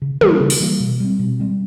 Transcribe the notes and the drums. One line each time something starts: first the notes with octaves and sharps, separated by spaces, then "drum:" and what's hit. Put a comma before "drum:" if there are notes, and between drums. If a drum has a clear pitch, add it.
C#3
E3 G3 A#3, drum: tom
C#3
drum: open hi-hat
E3 G3 A#3
B2
G3 C4
B2
G3 C4